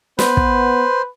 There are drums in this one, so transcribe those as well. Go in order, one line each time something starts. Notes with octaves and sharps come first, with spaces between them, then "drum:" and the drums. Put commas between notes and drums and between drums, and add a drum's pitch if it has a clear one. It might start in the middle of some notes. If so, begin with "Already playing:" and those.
B3 B4 C5, drum: snare
drum: kick